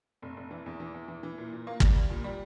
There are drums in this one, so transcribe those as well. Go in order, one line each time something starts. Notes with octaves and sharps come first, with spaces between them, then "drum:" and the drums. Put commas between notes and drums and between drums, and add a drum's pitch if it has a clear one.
F1
F1
E3
E2
E3
E2
E3
E3
A#2
A#2
A#3
G3, drum: kick
G3
A#2
G3